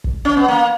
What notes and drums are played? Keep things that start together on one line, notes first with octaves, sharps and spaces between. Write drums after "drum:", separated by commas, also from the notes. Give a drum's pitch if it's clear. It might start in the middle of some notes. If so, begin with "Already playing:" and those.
drum: kick
C#4
B3
A#3